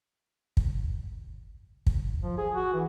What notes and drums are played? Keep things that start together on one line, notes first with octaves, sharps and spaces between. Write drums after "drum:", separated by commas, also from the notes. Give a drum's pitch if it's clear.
drum: kick
drum: kick
F3
G#4
F#4
E3